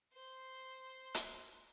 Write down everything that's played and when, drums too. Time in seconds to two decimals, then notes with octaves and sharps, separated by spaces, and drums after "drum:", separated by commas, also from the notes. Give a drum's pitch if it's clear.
0.14 C5 C6
1.14 drum: hi-hat